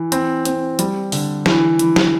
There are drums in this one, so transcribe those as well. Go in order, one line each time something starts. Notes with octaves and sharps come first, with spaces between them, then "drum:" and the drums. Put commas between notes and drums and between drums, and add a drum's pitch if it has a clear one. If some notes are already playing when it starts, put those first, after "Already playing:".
Already playing: E3
C4, drum: hi-hat
C4, drum: hi-hat
G3, drum: hi-hat
D3, drum: open hi-hat
E3, drum: snare
E3, drum: hi-hat
drum: snare